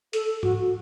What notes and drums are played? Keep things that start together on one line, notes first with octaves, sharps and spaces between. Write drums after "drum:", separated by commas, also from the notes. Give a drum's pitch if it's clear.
A4, drum: hi-hat
F#4, drum: tom G#2